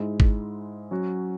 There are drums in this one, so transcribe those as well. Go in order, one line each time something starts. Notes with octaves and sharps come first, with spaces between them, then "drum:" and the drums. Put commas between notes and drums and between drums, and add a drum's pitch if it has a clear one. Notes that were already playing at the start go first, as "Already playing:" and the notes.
Already playing: G#2 G#3 E4
drum: kick
F#3 C#4 F#4